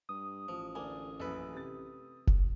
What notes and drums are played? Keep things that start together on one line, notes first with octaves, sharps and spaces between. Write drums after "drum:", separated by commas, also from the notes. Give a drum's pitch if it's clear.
G2 D#6
A1 F3
D2 A#3 D4 G#5
A#1 F#2 A4 B4
C3 A6
drum: kick F1